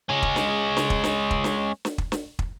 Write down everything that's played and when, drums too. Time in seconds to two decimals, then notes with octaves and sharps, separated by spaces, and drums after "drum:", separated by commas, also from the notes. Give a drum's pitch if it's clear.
0.09 G#3 C#4
0.22 drum: kick
0.36 drum: snare
0.77 drum: snare
0.90 drum: kick
1.04 drum: snare
1.31 drum: kick
1.44 drum: snare
1.85 drum: snare
1.98 drum: kick
2.12 drum: snare
2.39 drum: kick